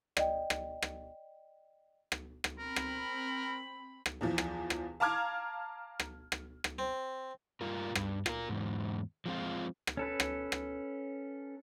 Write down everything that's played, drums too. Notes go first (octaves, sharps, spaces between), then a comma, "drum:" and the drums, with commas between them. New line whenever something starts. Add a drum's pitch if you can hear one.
D5 D#5 G5, drum: rim click
drum: rim click
drum: rim click
drum: rim click
drum: rim click
C4 A#4 B5
drum: rim click
drum: rim click
E2 E3 F3
drum: rim click
drum: rim click
F5 A5 A#5 D6 F6 G#6
drum: rim click
drum: rim click
drum: rim click
C4
G2 F4 A#4
G2, drum: rim click
F4 A#4, drum: rim click
E2 G#2
F3 G#3 C4 F4
drum: rim click
C#4 A4 B4
drum: rim click
drum: rim click